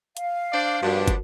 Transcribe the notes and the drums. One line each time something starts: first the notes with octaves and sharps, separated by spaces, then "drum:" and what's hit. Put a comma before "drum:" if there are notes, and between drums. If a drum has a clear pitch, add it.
F5, drum: hi-hat
D4 C5 D5
G2 F3 B3 D4 F#4 A#4 C#5
drum: kick, hi-hat